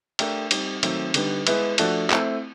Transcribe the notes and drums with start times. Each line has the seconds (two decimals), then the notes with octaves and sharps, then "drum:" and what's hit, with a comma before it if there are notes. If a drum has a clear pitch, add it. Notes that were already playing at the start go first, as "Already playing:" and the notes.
0.19 A3 D4 G4 A#4, drum: cymbal
0.51 G3 C4 D#4, drum: cymbal
0.83 D#3 F#3 A3 C4, drum: cymbal
1.14 D3 G3 B3 D#4, drum: cymbal
1.47 G#3 B3 E4 G#4 B4, drum: cymbal
1.78 F3 A3 D4 F#4 A4, drum: cymbal
2.10 A3 C4 E4, drum: clap